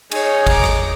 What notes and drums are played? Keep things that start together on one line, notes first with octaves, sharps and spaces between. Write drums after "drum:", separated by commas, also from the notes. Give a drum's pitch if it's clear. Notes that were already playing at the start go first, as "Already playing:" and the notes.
D#4 G#4 C#5, drum: cymbal
A#5 D6, drum: kick G#1, cymbal
drum: rim click